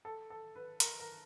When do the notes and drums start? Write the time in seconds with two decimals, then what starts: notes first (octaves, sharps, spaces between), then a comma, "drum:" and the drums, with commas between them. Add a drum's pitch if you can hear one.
0.05 A4
0.30 A4
0.55 B4
0.80 A#4, drum: hi-hat
1.00 A#4